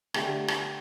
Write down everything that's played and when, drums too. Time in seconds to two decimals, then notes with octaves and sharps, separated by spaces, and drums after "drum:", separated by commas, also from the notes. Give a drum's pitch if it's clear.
0.14 D3 A3 D4 G4, drum: rim click
0.48 drum: rim click